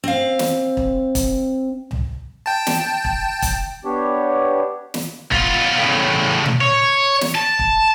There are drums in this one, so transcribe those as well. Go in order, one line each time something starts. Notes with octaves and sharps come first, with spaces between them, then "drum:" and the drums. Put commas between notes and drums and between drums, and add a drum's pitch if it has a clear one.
C4 F5
drum: snare
drum: kick
drum: kick, hi-hat
drum: tom C2
G5 A5
drum: snare
drum: kick
drum: kick, hi-hat
B3 D4 G4 C#5
drum: snare
B3 F4, drum: kick
A2 C#3
drum: tom
C#5
drum: snare
A5
drum: kick